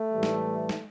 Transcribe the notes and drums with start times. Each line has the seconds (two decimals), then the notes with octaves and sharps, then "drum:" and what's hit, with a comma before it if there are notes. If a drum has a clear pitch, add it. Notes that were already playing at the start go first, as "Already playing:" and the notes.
Already playing: A3
0.11 A2 E3 G3
0.23 drum: snare
0.69 drum: snare